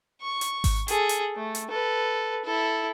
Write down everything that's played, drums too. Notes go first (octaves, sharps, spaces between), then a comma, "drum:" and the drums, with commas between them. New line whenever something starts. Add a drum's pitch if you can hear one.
C#6
drum: hi-hat
drum: kick G#1, open hi-hat
G#4 A4, drum: hi-hat
drum: hi-hat
A3
drum: hi-hat
A4 B4
E4 A4